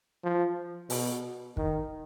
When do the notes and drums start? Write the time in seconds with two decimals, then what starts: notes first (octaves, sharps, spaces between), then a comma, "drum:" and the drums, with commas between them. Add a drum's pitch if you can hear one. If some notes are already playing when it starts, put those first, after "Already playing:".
0.24 F3
0.90 B2, drum: open hi-hat
1.57 D#3, drum: kick